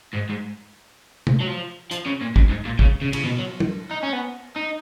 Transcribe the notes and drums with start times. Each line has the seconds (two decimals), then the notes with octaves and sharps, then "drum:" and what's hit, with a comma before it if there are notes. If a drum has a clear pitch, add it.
0.14 G#2
0.30 G#2
1.27 drum: tom
1.41 F#3
1.47 F3
1.91 F3, drum: hi-hat
2.06 C#3
2.21 A#2
2.36 F#2, drum: kick
2.50 G#2
2.65 A#2
2.79 C#3, drum: kick
3.02 C#3
3.13 C#3, drum: cymbal
3.24 B2
3.39 F#3
3.60 drum: tom
3.91 D#4
4.03 C#4
4.13 B3
4.56 D#4